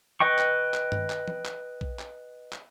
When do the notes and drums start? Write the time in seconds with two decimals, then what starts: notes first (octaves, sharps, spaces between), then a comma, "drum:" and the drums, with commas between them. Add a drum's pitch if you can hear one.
0.20 B4 D#5 G5 C#6
0.38 drum: clap
0.74 drum: clap
0.92 drum: tom
1.10 drum: clap
1.28 drum: tom E3
1.45 drum: clap
1.81 drum: kick A#1
1.99 drum: clap
2.53 drum: clap